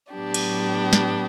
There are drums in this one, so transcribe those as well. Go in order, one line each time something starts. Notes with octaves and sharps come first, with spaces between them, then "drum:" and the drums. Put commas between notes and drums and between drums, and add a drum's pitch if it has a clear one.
A2 F#3 B3 D4 G4
drum: cymbal
drum: snare